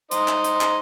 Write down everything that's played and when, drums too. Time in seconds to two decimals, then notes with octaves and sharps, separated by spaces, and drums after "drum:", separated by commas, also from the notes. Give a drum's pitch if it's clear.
0.11 D#4 C5 D#5, drum: hi-hat
0.28 drum: clap
0.44 drum: hi-hat
0.61 drum: clap